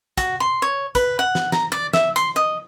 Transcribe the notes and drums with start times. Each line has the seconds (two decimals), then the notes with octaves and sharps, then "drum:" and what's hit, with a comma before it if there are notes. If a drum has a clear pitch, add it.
0.17 F#4, drum: kick, hi-hat
0.40 C6
0.62 C#5
0.95 B4, drum: kick, hi-hat
1.19 F#5
1.35 drum: snare
1.52 A#5, drum: snare
1.72 D5
1.93 E5, drum: snare
2.16 C6, drum: hi-hat
2.36 D#5